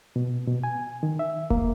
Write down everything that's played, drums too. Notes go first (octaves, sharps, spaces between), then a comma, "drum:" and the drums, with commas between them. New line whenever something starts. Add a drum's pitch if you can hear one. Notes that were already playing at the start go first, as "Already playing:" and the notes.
B2
B2
G#5
D#3
E5
A#3, drum: kick E1